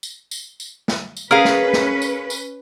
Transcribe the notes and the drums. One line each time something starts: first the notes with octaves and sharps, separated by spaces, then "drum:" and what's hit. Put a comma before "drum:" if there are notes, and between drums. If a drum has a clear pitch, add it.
drum: tambourine
drum: tambourine
drum: tambourine
drum: snare
drum: tambourine
C#4 G#4 A#4 B4 F5
drum: snare
drum: snare
drum: tambourine
drum: tambourine